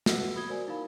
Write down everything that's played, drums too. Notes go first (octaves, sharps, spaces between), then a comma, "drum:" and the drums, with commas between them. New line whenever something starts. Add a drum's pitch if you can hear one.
F#4 B4 F#5 E6, drum: snare
B5 D#6 G#6 G7
F#4 A#4 C5 D5 G#5
D#4 E4 A#4 F5 B5